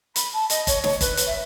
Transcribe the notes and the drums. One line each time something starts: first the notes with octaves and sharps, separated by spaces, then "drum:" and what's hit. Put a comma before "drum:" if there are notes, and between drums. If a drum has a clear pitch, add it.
B5, drum: hi-hat
A5
D#5, drum: hi-hat
C#5, drum: kick G1, hi-hat
C#5, drum: snare
B4, drum: kick G1, hi-hat
drum: hi-hat
E5